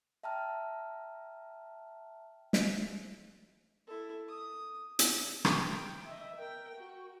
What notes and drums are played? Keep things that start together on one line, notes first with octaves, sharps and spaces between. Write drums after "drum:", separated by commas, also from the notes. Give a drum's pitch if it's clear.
E5 G5 A5 A#5 F6
drum: snare
E4 A4
D#6
drum: hi-hat
drum: rim click
G5
D#5 E5
A#4 G5
F#4